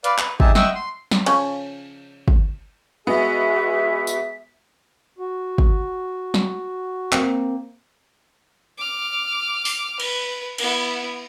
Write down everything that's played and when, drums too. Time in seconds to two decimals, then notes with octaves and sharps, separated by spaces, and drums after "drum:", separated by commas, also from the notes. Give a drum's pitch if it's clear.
0.04 B4 D5 F5, drum: hi-hat
0.18 B4, drum: clap
0.40 D#4 G4 G#4 E5 A5, drum: kick
0.55 D#5 E5 F#5 G5 C#6 E6, drum: snare
0.75 C6
1.11 drum: snare
1.26 C#3 F3 C#4, drum: cymbal
2.28 drum: kick
3.07 G#3 B3 F#4 G#4 E5
4.07 drum: tambourine
5.19 F#4
5.58 drum: kick
6.34 drum: snare
7.12 A#3 C4, drum: clap
8.78 D6 F6
9.65 drum: open hi-hat
10.00 B4, drum: cymbal
10.58 B3 E4, drum: cymbal